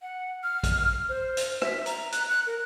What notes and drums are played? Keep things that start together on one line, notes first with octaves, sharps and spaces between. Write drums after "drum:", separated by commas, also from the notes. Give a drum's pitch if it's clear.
F#5
F6
drum: kick, hi-hat
F6
C5
drum: hi-hat
E5, drum: rim click
A#5, drum: hi-hat
F#6, drum: hi-hat
F#6
A#4